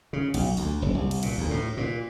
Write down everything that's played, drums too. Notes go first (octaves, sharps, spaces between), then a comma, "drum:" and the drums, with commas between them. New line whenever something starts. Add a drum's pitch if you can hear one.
C#3
B1, drum: cymbal
D2, drum: open hi-hat
F#1
C2
drum: cymbal
A#2, drum: cymbal
D2
A2
A#2